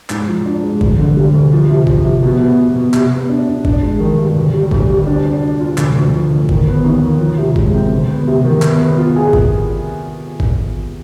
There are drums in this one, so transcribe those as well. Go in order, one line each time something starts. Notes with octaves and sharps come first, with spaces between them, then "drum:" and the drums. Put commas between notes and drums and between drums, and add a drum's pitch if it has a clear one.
G#2, drum: clap
F3
D4
G#3
D2, drum: kick G#1
D3
G3
D2
F3
C3
F3, drum: kick G#1
C3
B2
B3
B2
B2
C3, drum: clap
B3
D4
D4
D4, drum: kick G#1
G#3
D#3
G2
D2
G3
D2, drum: kick G#1
G3
D4
D4
D4
F4
D2, drum: clap
D2
F3
D2
D#3, drum: kick G#1
B3
D#2
D#3
F3
C3
G#3, drum: kick G#1
C4
D2
B3
C3
D#3
B3, drum: clap
B3
F4
G#4
drum: kick G#1
drum: kick G#1